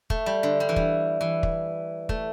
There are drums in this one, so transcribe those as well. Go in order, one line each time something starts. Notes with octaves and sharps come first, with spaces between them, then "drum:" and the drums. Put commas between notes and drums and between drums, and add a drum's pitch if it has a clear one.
A3, drum: kick
G3
D3
G3
E3
G3, drum: kick
E3
drum: kick
A3, drum: kick